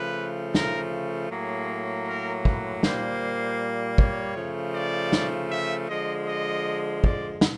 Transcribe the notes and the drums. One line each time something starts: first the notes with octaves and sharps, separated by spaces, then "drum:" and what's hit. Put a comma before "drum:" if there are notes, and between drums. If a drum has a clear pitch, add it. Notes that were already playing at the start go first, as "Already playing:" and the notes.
Already playing: C#3 F3 A3 B4
A#4, drum: snare
A2 F#3 A#3 G#4
A#4
B4, drum: kick
A#2 G3 A#3 C5, drum: snare
C#5, drum: kick
C#3 F3 A3
D5
drum: snare
E5
D3 F3 G#3 D#5
D#5
D5, drum: kick
drum: snare